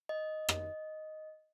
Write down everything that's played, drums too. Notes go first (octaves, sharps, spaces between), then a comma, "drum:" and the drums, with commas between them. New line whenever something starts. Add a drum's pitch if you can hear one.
D#5
drum: rim click